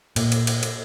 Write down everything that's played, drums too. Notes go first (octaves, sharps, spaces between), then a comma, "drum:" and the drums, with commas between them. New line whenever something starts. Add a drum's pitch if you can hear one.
A#2, drum: cymbal
drum: cymbal
drum: cymbal
drum: cymbal